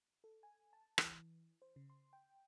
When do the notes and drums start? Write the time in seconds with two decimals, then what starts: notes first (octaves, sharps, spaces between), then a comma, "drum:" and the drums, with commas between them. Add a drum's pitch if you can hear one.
0.24 A4
0.43 G#5
0.73 A5
0.98 E3, drum: rim click
1.62 C5
1.76 C#3
1.90 C6
2.13 G5